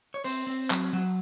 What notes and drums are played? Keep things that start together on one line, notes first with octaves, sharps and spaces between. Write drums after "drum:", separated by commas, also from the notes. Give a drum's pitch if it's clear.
C#5
C4 C5, drum: open hi-hat
C4
F#3, drum: clap
F#3